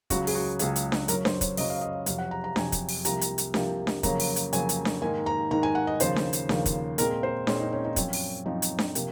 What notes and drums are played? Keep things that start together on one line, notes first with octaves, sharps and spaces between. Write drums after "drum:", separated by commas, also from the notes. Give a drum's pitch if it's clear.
C#2 C#3 F#3 F#4, drum: kick, hi-hat
G#4, drum: open hi-hat
F#4
C#2 C#3 F#3 G#4, drum: hi-hat
drum: hi-hat
drum: snare D4
F#2 C#3 F#3 A#4, drum: hi-hat
C5, drum: snare D4
C#5, drum: kick, hi-hat
F#2 C#3 F#3 D#5, drum: open hi-hat
F5
D#5
F2 C3 F#3 F5, drum: hi-hat
F#5
A#5
A#5
F2 C3 F#3 G#5, drum: snare D4
drum: kick, hi-hat
drum: open hi-hat
C2 C3 F3 A#3 A#5, drum: hi-hat
drum: hi-hat
drum: hi-hat
C2 C3 F3 A#3, drum: snare D4
drum: snare D4
F2 C#3 F#3 A#3 A#5, drum: kick, hi-hat
drum: open hi-hat
drum: hi-hat
F2 C#3 F#3 A#3 G#5, drum: hi-hat
drum: hi-hat
drum: snare D4
G#2 D#3 A#3 G#5
A#5
G#2 D#3 A#3 A#5
G#5
F#5
D#5
D#2 C#3 F3 A#3 C5, drum: hi-hat
drum: snare D4
drum: hi-hat
D#2 C#3 F3 A#3, drum: snare D4
drum: kick, hi-hat
A#2 G#3 C4 A#4, drum: hi-hat
C5
A#2 G#3 C4 C#5, drum: snare D4
D#4
C#4
D#4
F#2 F3 C4 C#4, drum: kick, hi-hat
drum: open hi-hat
F#2 F3 C4 D#4
drum: hi-hat
drum: snare D4
C3 F3 A#3, drum: hi-hat